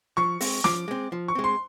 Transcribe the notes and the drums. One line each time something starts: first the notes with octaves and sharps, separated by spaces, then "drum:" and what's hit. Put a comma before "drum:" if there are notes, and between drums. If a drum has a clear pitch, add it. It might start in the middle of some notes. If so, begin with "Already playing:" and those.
F3 C#6
G#3 C4, drum: open hi-hat
F3 D6, drum: snare
G#3 C4
F3
C#6
G#3 C4
C6